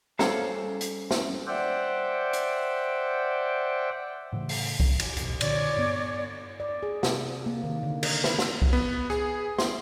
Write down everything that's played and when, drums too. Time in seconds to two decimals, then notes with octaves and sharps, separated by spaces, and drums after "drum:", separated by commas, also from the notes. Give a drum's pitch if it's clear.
0.19 G3 C#4 A4 C5 F5 A#5, drum: snare
0.81 drum: hi-hat
1.11 drum: snare
1.47 C5 D5 E5 F#5 G5
2.33 drum: hi-hat
4.33 A2 C#3 E3
4.49 drum: open hi-hat
4.80 drum: kick C2
5.00 drum: cymbal
5.17 F1 B1, drum: hi-hat
5.41 A#2 D3 C#5 D5, drum: cymbal
5.76 G2 B3
6.60 D5
6.83 G#4
7.03 C3, drum: snare
7.46 A#3
7.64 D#3
7.83 D3
8.03 A#4, drum: cymbal
8.24 B4, drum: snare
8.39 drum: snare
8.62 drum: kick C2
8.73 B3
9.10 G#4, drum: rim click
9.59 C6, drum: snare